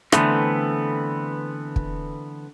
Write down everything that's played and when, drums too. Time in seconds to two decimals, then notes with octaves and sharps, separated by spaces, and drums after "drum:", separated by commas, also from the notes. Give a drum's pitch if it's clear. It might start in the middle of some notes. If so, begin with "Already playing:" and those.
0.12 D3 E3 A3 B3 C4, drum: rim click
1.76 drum: kick